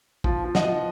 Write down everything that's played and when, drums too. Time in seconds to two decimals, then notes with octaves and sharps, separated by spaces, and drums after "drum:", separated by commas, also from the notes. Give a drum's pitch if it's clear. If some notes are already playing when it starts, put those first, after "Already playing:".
0.24 F3, drum: kick
0.44 F3
0.55 D#5 F#5, drum: snare
0.65 F3